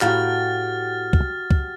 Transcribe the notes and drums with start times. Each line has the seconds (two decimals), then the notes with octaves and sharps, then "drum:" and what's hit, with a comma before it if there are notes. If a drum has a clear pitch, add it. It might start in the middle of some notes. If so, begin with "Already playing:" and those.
0.01 A2 F#4 G4 F5 A#5 F6 A6, drum: clap
1.13 drum: kick
1.51 drum: kick